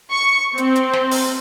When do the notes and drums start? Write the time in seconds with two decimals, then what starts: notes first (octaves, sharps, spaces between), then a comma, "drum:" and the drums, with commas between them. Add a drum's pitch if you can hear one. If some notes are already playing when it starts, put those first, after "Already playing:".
0.12 C#6
0.58 C4, drum: hi-hat
0.76 drum: hi-hat
0.93 drum: snare
1.11 drum: open hi-hat